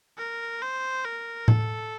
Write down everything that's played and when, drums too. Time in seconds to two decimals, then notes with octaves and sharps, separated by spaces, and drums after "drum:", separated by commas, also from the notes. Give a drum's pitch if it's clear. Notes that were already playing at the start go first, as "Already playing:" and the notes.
0.18 A#4
0.62 C5
1.05 A#4
1.48 A4, drum: tom A2